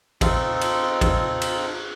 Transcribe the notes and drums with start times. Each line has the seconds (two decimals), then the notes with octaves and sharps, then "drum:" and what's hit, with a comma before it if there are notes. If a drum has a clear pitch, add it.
0.21 C4 D#4 F4 A4, drum: kick, cymbal
0.61 drum: cymbal
1.01 drum: kick, cymbal
1.41 drum: cymbal